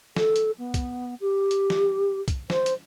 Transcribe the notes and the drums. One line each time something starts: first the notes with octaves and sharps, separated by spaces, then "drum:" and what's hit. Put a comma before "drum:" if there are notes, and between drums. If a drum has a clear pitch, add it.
A4, drum: snare
drum: hi-hat
B3
drum: kick, hi-hat
G4
drum: hi-hat
drum: snare
drum: kick, hi-hat
C5, drum: snare
drum: hi-hat